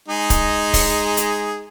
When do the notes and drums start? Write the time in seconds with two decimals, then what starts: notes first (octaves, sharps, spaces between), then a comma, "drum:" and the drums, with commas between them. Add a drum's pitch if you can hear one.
0.08 G#3 D#4 G#4
0.30 drum: kick C#1, hi-hat
0.74 drum: kick C#1, open hi-hat
1.17 drum: hi-hat